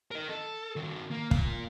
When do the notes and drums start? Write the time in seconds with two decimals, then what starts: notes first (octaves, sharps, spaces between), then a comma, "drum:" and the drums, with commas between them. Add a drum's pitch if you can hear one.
0.11 A#4 D#5
0.29 A4
0.76 D#3 F#4
1.11 A#3
1.31 A#2 F5, drum: kick